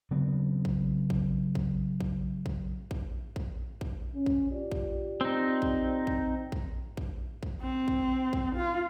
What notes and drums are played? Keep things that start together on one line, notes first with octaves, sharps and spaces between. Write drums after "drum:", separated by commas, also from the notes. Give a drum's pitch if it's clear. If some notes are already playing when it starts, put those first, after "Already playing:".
C#3 F#3 B3 C4
drum: kick
drum: kick
drum: kick
drum: kick
drum: kick
drum: kick
drum: kick
drum: kick
C#4
drum: kick
F4 G4 D5
drum: kick
C4 D#4
drum: kick
drum: kick
drum: kick
drum: kick
drum: kick
C4
drum: kick
drum: kick
F4